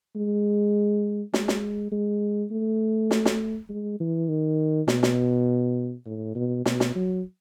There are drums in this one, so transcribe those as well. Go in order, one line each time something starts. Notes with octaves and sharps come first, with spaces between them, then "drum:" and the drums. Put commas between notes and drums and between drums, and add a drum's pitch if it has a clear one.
G#3
G#3, drum: snare
drum: snare
G#3
A3
drum: snare
drum: snare
G#3
E3
D#3
B2, drum: snare
drum: snare
A2
B2
B2, drum: snare
drum: snare
F#3